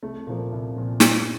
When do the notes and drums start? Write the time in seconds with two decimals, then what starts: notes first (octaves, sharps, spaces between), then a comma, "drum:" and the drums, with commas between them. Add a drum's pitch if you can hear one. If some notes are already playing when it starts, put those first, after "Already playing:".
0.03 C2 A3
0.27 A#2 F3 A#3
0.52 C2
0.76 A#2 F3
1.00 G2 C4, drum: snare